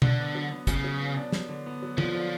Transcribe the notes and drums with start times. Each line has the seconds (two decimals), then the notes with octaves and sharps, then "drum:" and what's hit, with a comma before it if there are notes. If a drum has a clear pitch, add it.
0.02 D3 D4, drum: tom B2
0.19 B3
0.35 F#3
0.52 B3
0.67 C#3 F#3, drum: kick, hi-hat
0.84 F#3
1.01 B3
1.16 D4
1.32 D4, drum: snare
1.49 D3
1.66 B3
1.83 F#3
1.98 D3 F3, drum: tom
2.15 D3